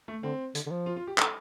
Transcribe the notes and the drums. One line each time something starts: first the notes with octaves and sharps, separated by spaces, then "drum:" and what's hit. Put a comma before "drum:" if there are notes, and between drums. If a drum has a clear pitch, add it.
A3
D3 C4
D3, drum: hi-hat
D3
F3
F4
F4
G4
A4, drum: clap